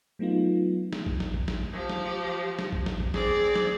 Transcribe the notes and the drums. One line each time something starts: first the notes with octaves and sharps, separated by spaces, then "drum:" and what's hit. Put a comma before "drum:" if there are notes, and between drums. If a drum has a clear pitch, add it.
F#3 A3 B3 D#4 F4
drum: snare
drum: kick
drum: snare
drum: kick
drum: snare
F3 G4
drum: snare
drum: snare
drum: kick
drum: snare
drum: kick
C4 G#4 D5, drum: snare
drum: snare